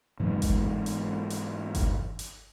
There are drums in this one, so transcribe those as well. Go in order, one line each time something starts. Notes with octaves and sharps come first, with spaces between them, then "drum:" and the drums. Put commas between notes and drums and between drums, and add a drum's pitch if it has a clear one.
G#2 E3 F#3 G#3
drum: kick G1, hi-hat
drum: hi-hat
drum: hi-hat
drum: kick G1, hi-hat
drum: hi-hat